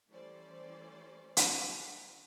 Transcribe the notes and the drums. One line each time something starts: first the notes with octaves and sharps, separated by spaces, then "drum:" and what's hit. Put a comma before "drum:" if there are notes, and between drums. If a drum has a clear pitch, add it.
E3 G3 A3 C#4 C5 D5
drum: hi-hat